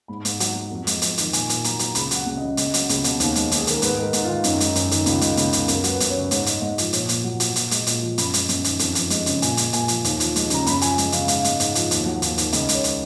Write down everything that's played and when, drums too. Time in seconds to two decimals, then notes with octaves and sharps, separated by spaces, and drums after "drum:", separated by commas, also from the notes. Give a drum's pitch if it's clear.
0.08 G#2 B5
0.25 G#2, drum: hi-hat
0.40 F#3, drum: hi-hat
0.55 F#3
0.71 F2
0.87 G#3, drum: hi-hat
1.02 F2, drum: hi-hat
1.18 D#3, drum: hi-hat
1.33 A#2 G#5, drum: hi-hat
1.49 A#2 G#5, drum: hi-hat
1.64 F#3 A#5, drum: hi-hat
1.79 F#3 A#5, drum: hi-hat
1.95 C#2 B5, drum: hi-hat
2.11 F#3, drum: hi-hat
2.16 F#5
2.26 C#2
2.37 C#3 D#5
2.57 C#2 D#5, drum: hi-hat
2.74 F#3, drum: hi-hat
2.89 C#2, drum: hi-hat
3.04 B2, drum: hi-hat
3.20 D#2, drum: hi-hat
3.35 G#3, drum: hi-hat
3.51 D#2, drum: hi-hat
3.58 G#4
3.67 D#3 A#4, drum: hi-hat
3.82 G#2 B4, drum: hi-hat
3.98 G#3 A#4
4.13 G#2, drum: hi-hat
4.24 D#3 F4
4.44 F#2 D#4, drum: hi-hat
4.60 G#3 D#4, drum: hi-hat
4.75 F#2, drum: hi-hat
4.91 D#3, drum: hi-hat
5.06 C#2 F4, drum: hi-hat
5.21 G#3, drum: hi-hat
5.37 C#2, drum: hi-hat
5.53 B2, drum: hi-hat
5.68 F#2 A#4, drum: hi-hat
5.84 F#3, drum: hi-hat
5.89 B4
6.00 F#2, drum: hi-hat
6.10 C#3 C#5
6.31 G#2 C#5, drum: hi-hat
6.46 G#3, drum: hi-hat
6.62 G#2 D#5
6.78 F3, drum: hi-hat
6.93 A#2 C#5, drum: hi-hat
7.09 A#2, drum: hi-hat
7.24 F#3
7.40 F#3, drum: hi-hat
7.56 A#2, drum: hi-hat
7.71 G#3, drum: hi-hat
7.87 A#2, drum: hi-hat
8.02 F3
8.18 F#2 B5, drum: hi-hat
8.34 G#3, drum: hi-hat
8.49 F#2, drum: hi-hat
8.64 D#3, drum: hi-hat
8.79 F2, drum: hi-hat
8.95 F3, drum: hi-hat
9.10 G#3, drum: hi-hat
9.26 C#3, drum: hi-hat
9.42 A#2 G#5, drum: hi-hat
9.57 G#3, drum: hi-hat
9.73 A#2 G#5, drum: hi-hat
9.88 F3, drum: hi-hat
10.04 D#2, drum: hi-hat
10.20 F3, drum: hi-hat
10.36 G#3, drum: hi-hat
10.50 C#3 A#5, drum: hi-hat
10.66 F#2 B5, drum: hi-hat
10.81 F3 G#5, drum: hi-hat
10.98 G#3, drum: hi-hat
11.12 C#3 F5, drum: hi-hat
11.28 G#2 F5, drum: hi-hat
11.44 G#3, drum: hi-hat
11.60 G#2, drum: hi-hat
11.75 F3, drum: hi-hat
11.91 D#2, drum: hi-hat
12.06 F#3
12.22 D#2, drum: hi-hat
12.38 D#3, drum: hi-hat
12.53 C#2 D#5, drum: hi-hat
12.69 G#3, drum: hi-hat
12.74 C#5
12.84 drum: hi-hat